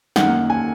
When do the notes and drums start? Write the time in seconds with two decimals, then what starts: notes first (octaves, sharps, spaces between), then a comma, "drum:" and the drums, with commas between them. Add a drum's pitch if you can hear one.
0.16 F#2 D#3 A#3 F#5, drum: snare
0.50 G#5